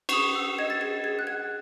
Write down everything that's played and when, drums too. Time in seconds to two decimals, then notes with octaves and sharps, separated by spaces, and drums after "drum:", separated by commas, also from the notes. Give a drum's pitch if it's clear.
0.09 C#6, drum: cymbal
0.13 G#4 D#6
0.36 F#5 E6
0.59 D#5 G#6
0.70 A6
0.81 G#4 G#6
1.04 G#4 G#6
1.19 F#6
1.27 F#5 G#6